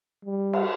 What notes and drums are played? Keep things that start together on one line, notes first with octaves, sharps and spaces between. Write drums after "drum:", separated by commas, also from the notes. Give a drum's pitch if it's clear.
G3
drum: cymbal